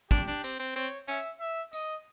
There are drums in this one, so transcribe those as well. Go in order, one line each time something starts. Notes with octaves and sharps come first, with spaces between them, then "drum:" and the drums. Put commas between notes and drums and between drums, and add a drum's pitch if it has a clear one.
D4 G4, drum: kick
D4
C4, drum: tambourine
C4
C4 C#5
C#4 E5, drum: tambourine
E5
D#5, drum: tambourine